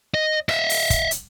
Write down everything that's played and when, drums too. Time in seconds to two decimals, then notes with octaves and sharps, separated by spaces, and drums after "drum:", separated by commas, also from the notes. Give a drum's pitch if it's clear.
0.14 D#5
0.49 D#5 E5, drum: rim click
0.69 drum: open hi-hat
0.90 drum: kick, hi-hat
1.11 drum: hi-hat